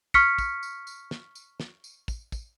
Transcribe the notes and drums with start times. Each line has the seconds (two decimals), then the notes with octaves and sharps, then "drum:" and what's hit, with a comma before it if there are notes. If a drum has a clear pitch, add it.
0.14 C#6 F6 B6 C#7, drum: kick, tambourine
0.38 drum: kick, tambourine
0.63 drum: tambourine
0.87 drum: tambourine
1.11 drum: snare
1.35 drum: tambourine
1.60 drum: snare
1.84 drum: tambourine
2.08 drum: kick, tambourine
2.32 drum: kick, tambourine